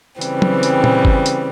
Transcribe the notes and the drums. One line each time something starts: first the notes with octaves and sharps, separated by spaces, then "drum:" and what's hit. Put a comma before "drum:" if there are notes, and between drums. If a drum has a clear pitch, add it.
C#3 E3 G3 C4, drum: hi-hat
drum: tom
drum: hi-hat
drum: tom A#2
drum: kick G1
drum: hi-hat